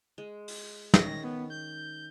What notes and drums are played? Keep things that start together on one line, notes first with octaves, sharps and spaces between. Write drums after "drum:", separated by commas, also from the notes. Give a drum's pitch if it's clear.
G#3
drum: open hi-hat
D#3 C#4 A#6, drum: snare
B3
G6